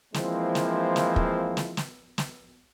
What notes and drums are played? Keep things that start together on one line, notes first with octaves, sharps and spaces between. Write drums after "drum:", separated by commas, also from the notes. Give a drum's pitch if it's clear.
E3 F3 G#3 A#3 C4 E4, drum: snare
drum: snare
drum: snare
drum: kick
drum: snare
drum: snare
drum: snare